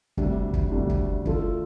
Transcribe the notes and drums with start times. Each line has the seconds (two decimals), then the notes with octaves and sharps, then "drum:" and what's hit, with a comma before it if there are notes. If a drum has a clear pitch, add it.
0.17 D2 C3 G3 D4, drum: kick
0.53 drum: kick
0.72 D2 C3 G3 D4
0.89 drum: kick
1.25 D2 D3 A3 F4 A4, drum: kick